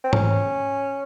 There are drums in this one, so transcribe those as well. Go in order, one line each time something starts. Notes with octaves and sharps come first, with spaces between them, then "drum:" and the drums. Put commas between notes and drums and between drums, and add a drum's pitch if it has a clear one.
C4
C#4, drum: tom G#2